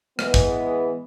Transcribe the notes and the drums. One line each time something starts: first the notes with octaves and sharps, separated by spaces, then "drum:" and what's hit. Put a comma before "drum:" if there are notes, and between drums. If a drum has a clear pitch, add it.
E3 G#3 B3, drum: rim click
drum: kick